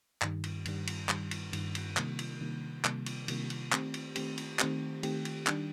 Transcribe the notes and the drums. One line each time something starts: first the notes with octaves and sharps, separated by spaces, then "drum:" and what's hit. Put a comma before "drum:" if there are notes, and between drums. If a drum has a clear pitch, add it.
G2 D#3 G3, drum: clap
drum: cymbal
G2 D#3 G3, drum: cymbal
drum: cymbal
G2 D#3 G3, drum: clap
drum: cymbal
G2 D#3 G3, drum: cymbal
drum: cymbal
C3 D#3 G3 A#3, drum: clap
drum: cymbal
C3 D#3 G3 A#3
C3 D#3 G3 A#3, drum: clap
drum: cymbal
C3 D#3 G3 A#3, drum: cymbal
drum: cymbal
D#3 A3 C4 G4, drum: clap
drum: cymbal
D#3 A3 C4 G4, drum: cymbal
drum: cymbal
D#3 A3 C4 G4, drum: clap
D#3 A3 C4 G4, drum: cymbal
drum: cymbal
D#3 G3 D4 G4, drum: clap